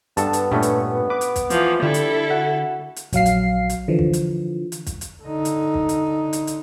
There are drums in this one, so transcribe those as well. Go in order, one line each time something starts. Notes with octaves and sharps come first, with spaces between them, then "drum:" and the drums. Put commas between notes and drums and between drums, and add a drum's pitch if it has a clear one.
G2 B3 A4 A5, drum: hi-hat
drum: hi-hat
G2 A#2 A3 C#4
drum: hi-hat
B4 D6
drum: hi-hat
drum: kick, hi-hat
E3 F3, drum: hi-hat
D3 G3 E4 A4
drum: hi-hat
F#4 F#5
drum: hi-hat
A#1 F#3 F5 C7, drum: kick, hi-hat
drum: hi-hat
drum: hi-hat
D3 E3 F3
drum: kick
drum: hi-hat
drum: hi-hat
drum: kick, hi-hat
drum: hi-hat
D3 D#4
drum: hi-hat
drum: kick
drum: hi-hat
drum: hi-hat
drum: hi-hat